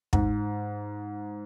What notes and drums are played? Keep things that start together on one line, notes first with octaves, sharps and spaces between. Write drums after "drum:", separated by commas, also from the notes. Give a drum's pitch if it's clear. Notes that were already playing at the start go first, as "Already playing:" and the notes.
G#2, drum: kick